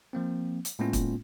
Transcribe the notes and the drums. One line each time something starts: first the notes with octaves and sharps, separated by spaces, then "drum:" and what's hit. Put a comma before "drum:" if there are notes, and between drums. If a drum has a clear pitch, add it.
F3 A#3 C4
drum: hi-hat
A2 G#3 A#3 B3 C#4 F4
drum: kick, hi-hat